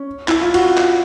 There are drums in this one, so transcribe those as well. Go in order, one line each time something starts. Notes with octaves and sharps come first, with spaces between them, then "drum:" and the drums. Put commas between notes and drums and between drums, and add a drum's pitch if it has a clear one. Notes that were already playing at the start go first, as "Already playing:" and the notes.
Already playing: C#4
E4, drum: clap
F4
F#4, drum: cymbal
drum: clap